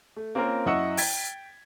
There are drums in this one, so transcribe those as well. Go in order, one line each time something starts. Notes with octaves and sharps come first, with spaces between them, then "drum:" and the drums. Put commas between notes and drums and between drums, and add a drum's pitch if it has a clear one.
A3
A#3 C4 C#4 F4 A#4
F#2 E4 D#5 F#5 C#6 E6
G5 G#6 A6 B6, drum: open hi-hat